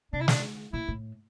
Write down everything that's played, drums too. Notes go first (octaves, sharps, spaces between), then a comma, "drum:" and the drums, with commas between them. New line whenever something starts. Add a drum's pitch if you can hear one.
C3 D4
E4
D4, drum: snare
A#2 E4
A2